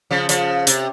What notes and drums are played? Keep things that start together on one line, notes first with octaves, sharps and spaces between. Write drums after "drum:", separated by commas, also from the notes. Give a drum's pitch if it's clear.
C#3 F3
C#3 F3, drum: hi-hat
C3, drum: hi-hat